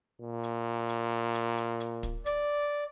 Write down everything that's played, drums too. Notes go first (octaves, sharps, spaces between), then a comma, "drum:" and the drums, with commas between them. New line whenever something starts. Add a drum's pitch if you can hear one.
A#2
drum: hi-hat
drum: hi-hat
drum: hi-hat
drum: hi-hat
drum: hi-hat
drum: kick, hi-hat
D5, drum: hi-hat